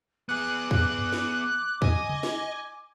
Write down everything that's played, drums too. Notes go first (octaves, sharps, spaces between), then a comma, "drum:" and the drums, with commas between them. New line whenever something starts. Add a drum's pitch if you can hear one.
B3 G#4 D6 F#6
drum: kick
drum: tom F#2
drum: snare
D#5 G#5, drum: kick
drum: tom C#3
drum: snare